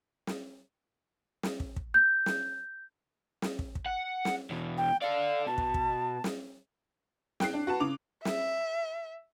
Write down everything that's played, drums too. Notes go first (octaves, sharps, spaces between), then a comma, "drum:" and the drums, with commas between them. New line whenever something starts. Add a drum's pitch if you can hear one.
drum: snare
drum: snare
drum: kick
drum: kick
G6
drum: snare
drum: snare
drum: kick
drum: kick
F#5
drum: snare
E2 B2
G5
A4 D5 F5
B2 A5
drum: kick
drum: kick
drum: snare
G5 F#6 C7, drum: snare
D4
F#4 B4 A5
C#3 D6 F7
E5, drum: snare